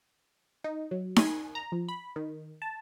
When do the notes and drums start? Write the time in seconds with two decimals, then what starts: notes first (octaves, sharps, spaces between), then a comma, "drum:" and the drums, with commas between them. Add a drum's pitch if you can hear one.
0.64 D#4
0.91 F#3
1.16 G#5, drum: snare D#4
1.55 A#5
1.72 F3
1.89 B5
2.16 D#3
2.62 A5